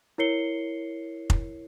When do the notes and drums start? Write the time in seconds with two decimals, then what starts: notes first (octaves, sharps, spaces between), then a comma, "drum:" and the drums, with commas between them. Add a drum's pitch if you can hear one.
0.18 E4 A#4 C#5 C7 C#7 G7
1.30 drum: kick F1